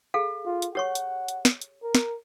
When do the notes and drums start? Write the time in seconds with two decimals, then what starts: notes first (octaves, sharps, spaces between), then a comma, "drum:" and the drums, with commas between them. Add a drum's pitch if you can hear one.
0.14 G#4 A4 F5
0.46 F4
0.62 drum: hi-hat
0.75 G4 C#5 F#5 C#6
0.95 drum: hi-hat
1.28 drum: hi-hat
1.45 drum: snare
1.61 drum: hi-hat
1.83 A#4
1.95 drum: snare